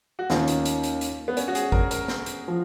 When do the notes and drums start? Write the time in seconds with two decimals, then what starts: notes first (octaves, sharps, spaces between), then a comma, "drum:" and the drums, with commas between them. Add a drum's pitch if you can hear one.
0.19 F#4
0.30 D#2 D#3 A#3 C#4 F4, drum: snare
0.48 drum: hi-hat
0.65 drum: hi-hat
0.83 drum: hi-hat
1.01 drum: hi-hat
1.28 B3
1.37 C#4, drum: hi-hat
1.48 F#4
1.55 G#4, drum: hi-hat
1.72 A#4, drum: kick G#1
1.91 A#4, drum: hi-hat
2.08 drum: snare
2.26 drum: hi-hat
2.48 F3